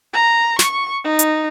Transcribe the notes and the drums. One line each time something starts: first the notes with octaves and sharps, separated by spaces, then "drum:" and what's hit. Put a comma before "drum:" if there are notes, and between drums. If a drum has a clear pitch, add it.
A#5
C#6, drum: snare
D#4
drum: hi-hat